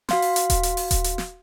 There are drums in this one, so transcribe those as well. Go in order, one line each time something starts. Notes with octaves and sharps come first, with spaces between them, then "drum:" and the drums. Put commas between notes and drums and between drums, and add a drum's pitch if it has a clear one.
F#4 F5 C6, drum: snare
drum: open hi-hat
drum: hi-hat
drum: kick D#1, hi-hat
drum: hi-hat
drum: open hi-hat
drum: kick D#1, hi-hat
drum: hi-hat
drum: snare